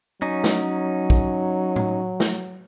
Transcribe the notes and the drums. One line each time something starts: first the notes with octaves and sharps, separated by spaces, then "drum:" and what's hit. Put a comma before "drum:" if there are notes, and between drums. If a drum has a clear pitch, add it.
F#3 C#4 D#4
drum: snare
drum: kick
drum: tom A2
drum: snare